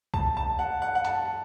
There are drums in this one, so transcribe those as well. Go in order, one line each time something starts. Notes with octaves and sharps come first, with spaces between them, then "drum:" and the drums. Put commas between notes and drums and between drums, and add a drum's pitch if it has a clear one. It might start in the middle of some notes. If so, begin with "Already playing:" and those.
A5, drum: kick C2
A5
F#5
F#5
F#5
A5, drum: hi-hat